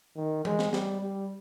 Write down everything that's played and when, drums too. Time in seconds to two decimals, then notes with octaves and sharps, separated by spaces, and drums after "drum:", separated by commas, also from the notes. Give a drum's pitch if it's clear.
0.17 D#3
0.45 G#3, drum: tom E3
0.59 drum: snare
0.73 G3, drum: snare
1.01 G3